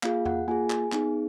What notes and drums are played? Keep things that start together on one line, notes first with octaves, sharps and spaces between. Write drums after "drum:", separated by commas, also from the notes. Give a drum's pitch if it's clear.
A#3 F4 G#4 F5, drum: clap
F#5, drum: tom E2
A#3 F4 G#4 G#5
drum: clap
B3 D#4 G#4, drum: clap